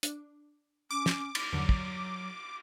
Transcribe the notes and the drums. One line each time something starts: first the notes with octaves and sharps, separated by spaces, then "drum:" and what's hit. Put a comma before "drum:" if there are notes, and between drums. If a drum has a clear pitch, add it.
D4, drum: hi-hat
C#4 D6
drum: snare
drum: cymbal
E2 G2 D3 F#3
drum: kick